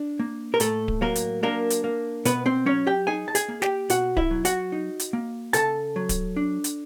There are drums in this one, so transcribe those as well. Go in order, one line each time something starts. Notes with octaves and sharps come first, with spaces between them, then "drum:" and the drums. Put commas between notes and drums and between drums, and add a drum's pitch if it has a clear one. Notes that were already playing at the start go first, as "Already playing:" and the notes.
Already playing: D4
A#3
A#4
A2 A3 A4, drum: hi-hat
drum: kick D1
F#3 A#3 A#4
drum: hi-hat
A#3 D4 A#4
drum: hi-hat
A#3
B2 B3 B4, drum: hi-hat
C4 C5
F#3 C#4 C#5
G4 G5
D#4 G#4 G#5
A5
G#4 G#5, drum: hi-hat
A#3
G4 G5, drum: snare
B2 F#4 F#5, drum: hi-hat
E4 E5, drum: kick D1
F#3
F#4 F#5, drum: hi-hat
D#4
drum: hi-hat
A#3
C#3 A4 A5, drum: hi-hat
F#3
drum: kick D1, hi-hat
D4
drum: hi-hat